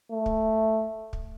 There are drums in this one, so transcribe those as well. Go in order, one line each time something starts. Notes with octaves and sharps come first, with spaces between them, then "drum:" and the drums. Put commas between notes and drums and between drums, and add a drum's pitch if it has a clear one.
A3
drum: kick
drum: kick